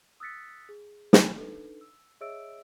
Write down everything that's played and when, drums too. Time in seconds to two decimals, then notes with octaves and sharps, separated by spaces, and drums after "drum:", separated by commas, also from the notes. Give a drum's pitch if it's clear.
0.20 D#6 E6 F#6 A6 B6 C#7
0.69 G#4
1.13 G5 G#5 B5, drum: snare
1.35 D4 D#4 A4 B4
1.81 E6
2.21 G#4 C#5 D#5 E5 E6 D7